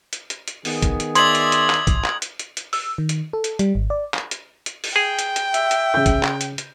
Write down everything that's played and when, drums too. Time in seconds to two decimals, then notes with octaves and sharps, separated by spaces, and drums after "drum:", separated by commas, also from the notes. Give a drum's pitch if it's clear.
0.13 drum: hi-hat
0.30 drum: hi-hat
0.48 drum: hi-hat
0.65 D#3 B3 G#4, drum: open hi-hat
0.82 drum: kick, hi-hat
1.00 drum: hi-hat
1.15 D5 E5 C6 D#6 G#6 F#7, drum: hi-hat
1.35 drum: hi-hat
1.52 drum: hi-hat
1.70 drum: clap
1.87 drum: kick, hi-hat
2.05 drum: clap
2.22 drum: hi-hat
2.39 drum: hi-hat
2.57 drum: hi-hat
2.73 E6, drum: open hi-hat
2.98 D#3
3.09 drum: hi-hat
3.33 A4
3.44 drum: hi-hat
3.59 G3, drum: hi-hat
3.75 G#1
3.90 D5
4.14 drum: clap
4.31 drum: hi-hat
4.66 drum: hi-hat
4.84 drum: open hi-hat
4.96 G#4 G5
5.19 drum: hi-hat
5.36 drum: hi-hat
5.54 E5, drum: hi-hat
5.71 drum: hi-hat
5.94 C#3 G6
6.06 drum: kick, hi-hat
6.23 drum: clap
6.41 drum: hi-hat
6.58 drum: hi-hat